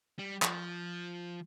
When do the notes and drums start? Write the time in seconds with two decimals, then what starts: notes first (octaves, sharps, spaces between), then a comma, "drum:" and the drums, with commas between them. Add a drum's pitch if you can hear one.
0.19 G3
0.42 F3, drum: clap